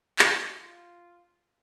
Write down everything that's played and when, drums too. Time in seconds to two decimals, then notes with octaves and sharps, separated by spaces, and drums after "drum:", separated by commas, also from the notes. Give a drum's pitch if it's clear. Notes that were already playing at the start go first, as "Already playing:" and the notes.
0.19 F#4, drum: clap
0.60 F4